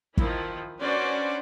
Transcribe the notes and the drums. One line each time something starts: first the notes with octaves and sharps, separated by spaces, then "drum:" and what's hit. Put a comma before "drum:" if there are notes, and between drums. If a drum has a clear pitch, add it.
D#3 F3 E4, drum: kick
C#4 D4 F#4 B4 C5 D5